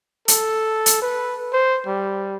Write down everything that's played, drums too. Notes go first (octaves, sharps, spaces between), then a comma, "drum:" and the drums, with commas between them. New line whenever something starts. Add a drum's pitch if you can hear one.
A4, drum: hi-hat
drum: hi-hat
B4
C5
G3